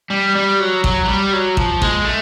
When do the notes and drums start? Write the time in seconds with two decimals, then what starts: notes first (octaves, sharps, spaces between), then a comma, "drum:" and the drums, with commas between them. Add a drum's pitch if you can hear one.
0.10 G3
0.35 G3
0.60 F#3
0.84 F#3, drum: kick A1
1.04 F#3
1.08 G3
1.33 F#3
1.57 F3, drum: kick A1
1.82 G#3, drum: kick A1
2.05 A3